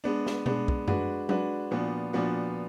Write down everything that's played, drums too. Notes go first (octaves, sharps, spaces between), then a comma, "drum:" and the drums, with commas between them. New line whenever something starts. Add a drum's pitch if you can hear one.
G#3 B3 D4
drum: snare
G#3 B3 D4, drum: tom B2
drum: kick
G#3 D4 F#4 B4, drum: tom F#2
G#3 D4 F#4 B4, drum: tom F#3
A#2 F3 B3 D4 F#4
A#2 F3 B3 D4 F#4